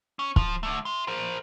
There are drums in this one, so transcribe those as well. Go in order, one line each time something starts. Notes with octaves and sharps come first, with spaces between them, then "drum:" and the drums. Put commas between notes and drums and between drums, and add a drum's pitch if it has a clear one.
C#4
F3, drum: kick
D3 A3
E5 C6
A#4 C5